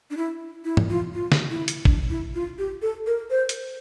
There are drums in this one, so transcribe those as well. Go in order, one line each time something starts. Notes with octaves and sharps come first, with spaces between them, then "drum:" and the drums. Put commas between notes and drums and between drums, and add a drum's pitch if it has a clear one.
D4
E4
E4
drum: tom G#2
F4
F4
drum: snare
E4
drum: hi-hat
D4, drum: kick G#1
E4
F4
G4
A4
A#4
C5
drum: hi-hat